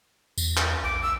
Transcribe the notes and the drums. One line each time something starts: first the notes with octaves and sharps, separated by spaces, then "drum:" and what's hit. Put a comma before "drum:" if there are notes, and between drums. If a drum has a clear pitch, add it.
E2, drum: tambourine
drum: clap
A#1 D6
E6